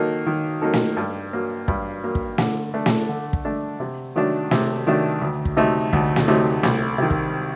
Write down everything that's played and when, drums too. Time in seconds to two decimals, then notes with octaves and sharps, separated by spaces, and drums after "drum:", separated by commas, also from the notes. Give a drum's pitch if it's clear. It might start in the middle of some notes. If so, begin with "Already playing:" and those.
Already playing: D#3 F#3 A#3 D#4 A4
0.27 D#3
0.62 F#3 A#3 D#4 A4
0.73 drum: snare
0.97 G2
1.33 F#3 A#3
1.68 G2, drum: kick
2.03 F#3 A#3
2.15 drum: kick
2.38 D3, drum: snare
2.74 A3 D4 A4
2.86 drum: snare
3.09 D3
3.33 drum: kick
3.45 A3 D4 A4
3.80 C3
4.16 D#3 F#3 A3 D4
4.51 C3, drum: snare
4.87 D#3 F#3 A3 D4
5.22 D2
5.45 drum: kick
5.57 C3 F#3 A3 D#4
5.93 D2, drum: kick
6.16 drum: snare
6.28 C3 F#3 A3 D#4
6.63 C2, drum: snare
6.98 C3 D#3
7.10 drum: kick